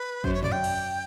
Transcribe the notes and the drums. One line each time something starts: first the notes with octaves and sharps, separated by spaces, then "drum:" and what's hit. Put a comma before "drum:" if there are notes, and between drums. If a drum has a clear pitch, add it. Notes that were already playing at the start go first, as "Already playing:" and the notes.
Already playing: B4
F#2 C5, drum: kick
C#5
D5, drum: tom
G5
drum: cymbal